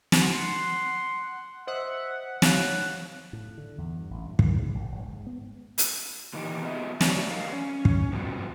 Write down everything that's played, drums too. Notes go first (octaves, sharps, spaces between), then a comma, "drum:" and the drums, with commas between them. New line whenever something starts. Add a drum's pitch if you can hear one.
drum: snare
F#5 C6
C5 D#5 E5 F#5 D#6
C#5 F5 F#6, drum: snare
A2
D3
E2
G2
A1
G2
D#3, drum: kick
C#3
A#1
G1
G#2
B3
drum: hi-hat
A#2 D#3 E3 D#4 G4
B3 F4 F#4 G#4 D#5 E5
F#3 A3 G4 C#5 D5, drum: snare
G3 A#4 C#5 D#5 F5
C#4
drum: kick
C3 F3 G3 B3 F4 F#4